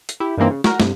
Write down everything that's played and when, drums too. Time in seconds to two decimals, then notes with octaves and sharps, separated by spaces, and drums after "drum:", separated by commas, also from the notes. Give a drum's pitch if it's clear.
0.09 drum: hi-hat
0.20 E4 G4
0.37 G2 D#3 E3 A#3 C4
0.51 C#3
0.64 F#4 A#4, drum: snare
0.80 G2 C3, drum: snare